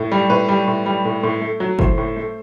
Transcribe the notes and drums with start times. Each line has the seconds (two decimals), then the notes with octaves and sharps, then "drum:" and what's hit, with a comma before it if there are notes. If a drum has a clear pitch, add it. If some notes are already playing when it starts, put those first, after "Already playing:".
Already playing: A2
0.12 G3
0.30 A2 B4
0.49 G3
0.68 A2
0.86 G3
1.05 A2
1.23 A2
1.41 A3
1.60 F#3
1.79 A2 C5, drum: kick
1.98 A2
2.17 A3